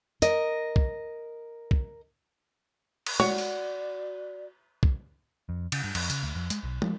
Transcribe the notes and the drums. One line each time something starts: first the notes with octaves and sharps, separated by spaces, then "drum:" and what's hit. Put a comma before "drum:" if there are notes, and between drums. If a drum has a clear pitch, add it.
A#4 D#5, drum: hi-hat
drum: kick B1
drum: kick B1
drum: cymbal
F#4 C#5 D5, drum: tom
drum: open hi-hat
drum: kick B1
F2
C#3, drum: cymbal
G2
F2, drum: cymbal
C#3, drum: hi-hat
D2
F2
G#3, drum: hi-hat
B1
F3, drum: tom